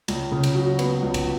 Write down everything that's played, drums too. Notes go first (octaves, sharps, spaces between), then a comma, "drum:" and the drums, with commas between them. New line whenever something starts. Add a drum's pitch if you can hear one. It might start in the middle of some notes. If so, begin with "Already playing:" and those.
C#2, drum: cymbal
C#3
drum: cymbal
F#3
B3, drum: cymbal
C#2
drum: kick C2, cymbal